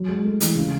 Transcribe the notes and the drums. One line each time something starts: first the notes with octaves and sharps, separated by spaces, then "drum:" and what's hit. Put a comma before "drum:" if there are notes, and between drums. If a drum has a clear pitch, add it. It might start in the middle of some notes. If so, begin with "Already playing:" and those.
Already playing: F#3
G#3
A3
E3, drum: hi-hat
C#3